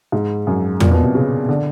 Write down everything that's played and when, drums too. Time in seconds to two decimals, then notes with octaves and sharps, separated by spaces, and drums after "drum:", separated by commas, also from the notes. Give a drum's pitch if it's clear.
0.12 G#2
0.47 F#2
0.80 A#2, drum: tom E2
0.91 B2
1.03 C3
1.15 C#3
1.48 D3